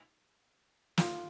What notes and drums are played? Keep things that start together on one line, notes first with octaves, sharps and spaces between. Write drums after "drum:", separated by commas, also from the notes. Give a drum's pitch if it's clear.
F4, drum: snare